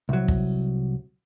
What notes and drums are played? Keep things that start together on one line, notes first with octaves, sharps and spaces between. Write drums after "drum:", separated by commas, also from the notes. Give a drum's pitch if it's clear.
C2 F#3
drum: kick